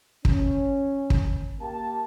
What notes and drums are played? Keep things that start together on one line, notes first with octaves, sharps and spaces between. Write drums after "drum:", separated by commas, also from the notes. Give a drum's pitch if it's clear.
C#4, drum: kick
drum: kick
A#3 G4 A5